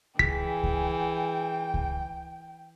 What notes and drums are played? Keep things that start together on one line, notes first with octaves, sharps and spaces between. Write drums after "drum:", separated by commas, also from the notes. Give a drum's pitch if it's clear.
E3 G#4 G5 B6, drum: kick C#2
drum: kick C#2
drum: kick C#2